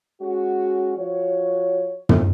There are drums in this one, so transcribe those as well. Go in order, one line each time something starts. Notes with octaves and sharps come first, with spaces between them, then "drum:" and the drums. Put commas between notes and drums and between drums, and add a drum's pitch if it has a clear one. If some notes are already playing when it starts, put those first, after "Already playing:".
G#3 C#4 F#4
F3 F#4 C#5
drum: tom